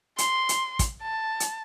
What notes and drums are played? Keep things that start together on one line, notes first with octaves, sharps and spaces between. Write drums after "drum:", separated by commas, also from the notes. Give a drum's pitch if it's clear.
C6, drum: hi-hat
drum: hi-hat
drum: kick, hi-hat
A5
drum: hi-hat